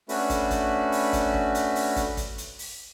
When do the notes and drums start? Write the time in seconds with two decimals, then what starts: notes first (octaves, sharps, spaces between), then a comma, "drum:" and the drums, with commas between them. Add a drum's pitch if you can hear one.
0.09 A3 C#4 D4 F#4 B4, drum: open hi-hat
0.30 drum: kick, hi-hat
0.51 drum: kick, hi-hat
0.92 drum: open hi-hat
1.13 drum: kick, hi-hat
1.34 drum: kick
1.55 drum: hi-hat
1.75 drum: open hi-hat
1.96 drum: kick, hi-hat
2.17 drum: kick, hi-hat
2.38 drum: hi-hat
2.59 drum: open hi-hat